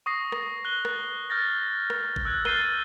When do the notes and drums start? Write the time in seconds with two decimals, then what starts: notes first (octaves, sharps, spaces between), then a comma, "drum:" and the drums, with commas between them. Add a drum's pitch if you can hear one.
0.06 C#6 D#6 A#6 C7
0.32 drum: rim click
0.65 F#6 G7
0.85 drum: rim click
1.30 F6 G6 A6 A#6
1.90 drum: rim click
2.16 drum: kick
2.25 E6 F#6 G#6
2.45 F6 G6 A6 C7 D#7 G7, drum: rim click